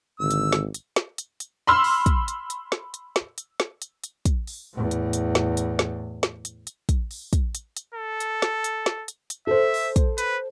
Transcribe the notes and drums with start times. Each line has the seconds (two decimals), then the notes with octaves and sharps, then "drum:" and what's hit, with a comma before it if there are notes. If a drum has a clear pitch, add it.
0.20 G#1 D3 E6
0.31 drum: hi-hat
0.53 drum: snare
0.74 drum: hi-hat
0.96 drum: snare
1.18 drum: hi-hat
1.40 drum: hi-hat
1.67 B5 C6 E6 F6
1.84 drum: open hi-hat
2.06 drum: kick, hi-hat
2.28 drum: hi-hat
2.50 drum: hi-hat
2.72 drum: snare
2.94 drum: hi-hat
3.16 drum: snare
3.38 drum: hi-hat
3.60 drum: snare
3.82 drum: hi-hat
4.04 drum: hi-hat
4.25 drum: kick, hi-hat
4.47 drum: open hi-hat
4.73 E2 A2
4.91 drum: hi-hat
5.13 drum: hi-hat
5.35 drum: snare
5.57 drum: hi-hat
5.79 drum: snare
6.23 drum: snare
6.45 drum: hi-hat
6.67 drum: hi-hat
6.89 drum: kick, hi-hat
7.11 drum: open hi-hat
7.33 drum: kick, hi-hat
7.55 drum: hi-hat
7.77 drum: hi-hat
7.94 A4
8.20 drum: hi-hat
8.42 drum: snare
8.64 drum: hi-hat
8.86 drum: snare
9.08 drum: hi-hat
9.30 drum: hi-hat
9.47 A4 C5 E5
9.74 drum: open hi-hat
9.96 drum: kick, hi-hat
10.18 B4, drum: hi-hat